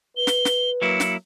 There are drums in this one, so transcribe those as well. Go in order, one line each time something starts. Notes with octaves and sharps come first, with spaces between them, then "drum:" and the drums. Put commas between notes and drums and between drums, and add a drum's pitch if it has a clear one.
B4 G7
drum: snare
drum: snare
F#3 A#3 E4 C#7
drum: snare